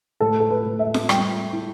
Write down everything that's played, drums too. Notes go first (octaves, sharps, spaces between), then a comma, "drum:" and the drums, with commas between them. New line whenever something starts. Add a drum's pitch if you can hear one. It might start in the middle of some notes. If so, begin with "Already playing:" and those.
A2 A4
A4
B4
A2
E5
drum: snare
G3 G5, drum: rim click
E4